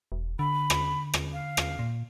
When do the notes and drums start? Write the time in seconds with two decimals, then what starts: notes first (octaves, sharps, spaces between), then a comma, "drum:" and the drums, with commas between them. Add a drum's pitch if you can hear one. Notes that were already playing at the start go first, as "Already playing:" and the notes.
0.12 E1
0.39 D3 B5
0.70 drum: rim click
1.14 drum: rim click
1.33 F5
1.57 drum: rim click
1.79 A#2